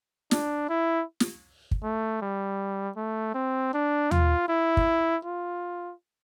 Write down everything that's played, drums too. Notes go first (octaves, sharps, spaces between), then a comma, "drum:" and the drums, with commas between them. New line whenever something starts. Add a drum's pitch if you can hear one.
D4, drum: snare
E4
drum: snare
drum: kick
A3
G3
A3
C4
D4
F4, drum: tom D#2
E4
drum: kick
F4